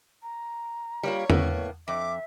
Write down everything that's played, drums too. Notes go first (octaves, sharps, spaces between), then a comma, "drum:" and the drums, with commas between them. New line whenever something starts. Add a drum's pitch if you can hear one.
A#5
G3 A#3 F4 C#5
A2 A#3 B3, drum: tom
F2 E5 D6